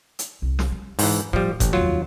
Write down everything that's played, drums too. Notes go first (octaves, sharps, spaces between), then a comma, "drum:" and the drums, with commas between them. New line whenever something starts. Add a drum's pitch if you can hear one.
drum: hi-hat
C2
drum: snare
G3
G#2 E3, drum: open hi-hat
A2 F3 G3
A1, drum: kick F#1, hi-hat
F1 D#2 F#3 F4